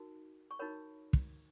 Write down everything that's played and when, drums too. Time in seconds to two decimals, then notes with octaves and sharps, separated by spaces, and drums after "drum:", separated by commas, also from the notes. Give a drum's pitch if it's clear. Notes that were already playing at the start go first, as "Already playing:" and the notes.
Already playing: D#4 F#4 A#4
0.51 C#6
0.59 D#4 F#4 A#4 C#5 B5
1.13 drum: kick